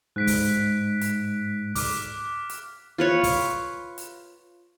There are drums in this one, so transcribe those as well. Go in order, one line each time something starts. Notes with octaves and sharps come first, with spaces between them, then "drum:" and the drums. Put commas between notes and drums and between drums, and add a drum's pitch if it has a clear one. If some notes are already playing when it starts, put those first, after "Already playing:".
G#2 F#6 B6 D7
drum: kick, open hi-hat
drum: hi-hat
D6 F6, drum: kick, open hi-hat
drum: hi-hat
F4 B4 C#5
drum: kick, open hi-hat
drum: hi-hat